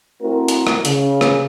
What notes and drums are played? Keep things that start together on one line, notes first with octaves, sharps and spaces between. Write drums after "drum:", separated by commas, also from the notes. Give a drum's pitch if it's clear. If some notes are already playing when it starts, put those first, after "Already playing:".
A3 C4 E4 F#4 A#4
drum: hi-hat
drum: rim click
C#3, drum: hi-hat
drum: rim click